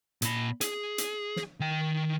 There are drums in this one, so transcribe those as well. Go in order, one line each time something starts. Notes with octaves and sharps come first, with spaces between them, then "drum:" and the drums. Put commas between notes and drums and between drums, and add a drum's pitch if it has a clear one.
A#2 B5, drum: hi-hat
G#4, drum: hi-hat
drum: hi-hat
drum: snare
D#3 G5